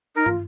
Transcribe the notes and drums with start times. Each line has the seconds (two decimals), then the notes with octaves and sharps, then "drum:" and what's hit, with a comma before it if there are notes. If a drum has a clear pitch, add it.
0.16 D#4 A#4
0.26 F4, drum: tom